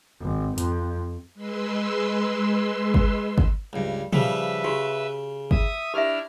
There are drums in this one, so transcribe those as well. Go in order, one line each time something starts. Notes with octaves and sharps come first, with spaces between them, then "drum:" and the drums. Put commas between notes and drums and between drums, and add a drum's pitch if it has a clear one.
G#1
F2, drum: hi-hat
G#3 B4 C6 E6
drum: kick G1
drum: kick G1
C#2 G2
C#3 F3 G3 B4 E5, drum: tom
C#3 F#4 G4
E5 D#6, drum: kick G1
D4 E4 G4 E5 F6